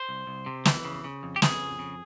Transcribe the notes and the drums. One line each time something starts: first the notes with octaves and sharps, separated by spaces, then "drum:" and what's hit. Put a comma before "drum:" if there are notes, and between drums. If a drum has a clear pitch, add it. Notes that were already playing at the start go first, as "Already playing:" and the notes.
Already playing: C5
C2
C2
C3
E3, drum: snare
C#3
C#3
F2
G4
C#3 G#4, drum: snare
F2
C#3